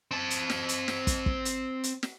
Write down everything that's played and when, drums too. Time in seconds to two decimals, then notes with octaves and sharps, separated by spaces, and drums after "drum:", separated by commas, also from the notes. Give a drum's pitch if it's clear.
0.11 C4 A5
0.30 drum: hi-hat
0.50 drum: snare
0.69 drum: hi-hat
0.88 drum: snare
1.07 drum: kick, hi-hat
1.26 drum: kick
1.45 drum: hi-hat
1.84 drum: hi-hat
2.03 drum: snare